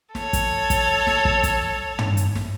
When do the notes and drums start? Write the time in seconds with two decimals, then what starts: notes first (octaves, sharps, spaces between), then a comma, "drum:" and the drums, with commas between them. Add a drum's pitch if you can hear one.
0.15 A4 C#5, drum: snare
0.33 drum: kick, hi-hat
0.70 drum: kick, hi-hat
1.07 drum: snare
1.25 drum: kick
1.43 drum: kick, hi-hat
1.99 drum: tom
2.17 drum: hi-hat
2.35 drum: snare